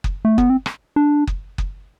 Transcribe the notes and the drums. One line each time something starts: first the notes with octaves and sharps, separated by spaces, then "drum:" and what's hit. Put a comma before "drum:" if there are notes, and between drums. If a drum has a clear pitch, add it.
drum: kick F#1
A3
B3, drum: kick F#1
C4
drum: rim click
D4
drum: kick F#1
drum: kick F#1